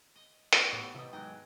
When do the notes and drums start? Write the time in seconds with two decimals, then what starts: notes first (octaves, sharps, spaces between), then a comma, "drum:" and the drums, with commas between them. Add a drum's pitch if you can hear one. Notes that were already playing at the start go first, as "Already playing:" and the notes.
0.15 D#5
0.53 B2 E3 G3 A3 D#4 E4 G4 D#5, drum: hi-hat
0.73 A2 B3 G4 C#5 F#5
0.95 C3 D#3 E3 G3 D#5 E5
1.13 G#2 F#3 G#3 D#4 D#5 G5